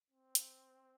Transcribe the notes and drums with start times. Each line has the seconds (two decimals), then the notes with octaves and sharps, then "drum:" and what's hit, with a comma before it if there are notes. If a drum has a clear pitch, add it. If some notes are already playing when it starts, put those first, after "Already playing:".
0.10 C4
0.35 drum: hi-hat